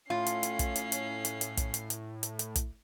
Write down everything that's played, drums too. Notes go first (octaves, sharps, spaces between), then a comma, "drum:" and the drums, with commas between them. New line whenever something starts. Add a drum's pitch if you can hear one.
A2 C#4 F4 C7
drum: hi-hat
drum: hi-hat
drum: kick, hi-hat
drum: hi-hat
drum: hi-hat
drum: hi-hat
drum: hi-hat
drum: kick, hi-hat
drum: hi-hat
drum: hi-hat
drum: hi-hat
drum: hi-hat
drum: kick, hi-hat